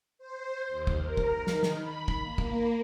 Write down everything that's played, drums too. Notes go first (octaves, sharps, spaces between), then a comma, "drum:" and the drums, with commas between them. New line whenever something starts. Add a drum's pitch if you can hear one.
C5
D#2
drum: kick
A#4
drum: kick
D#3, drum: snare
drum: snare
B5
drum: kick
A#3
drum: kick